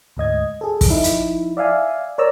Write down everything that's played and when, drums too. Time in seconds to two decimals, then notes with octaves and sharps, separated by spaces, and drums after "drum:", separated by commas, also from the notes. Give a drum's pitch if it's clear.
0.16 D2 G#2 D#5 G#6
0.61 G#4 A4
0.81 drum: kick, open hi-hat
0.90 F3 D#4 E4
1.04 drum: hi-hat
1.57 D5 E5 F5 G#5
2.18 A#4 C#5 D5 A#5 E6